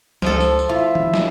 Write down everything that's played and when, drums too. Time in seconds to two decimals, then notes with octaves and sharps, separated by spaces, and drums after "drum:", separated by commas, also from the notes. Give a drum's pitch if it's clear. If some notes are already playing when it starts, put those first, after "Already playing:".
0.22 C#2 F3 A4, drum: snare
0.40 drum: tambourine
0.59 drum: tambourine
0.69 E4 F4 E5
0.95 drum: tom
1.14 drum: snare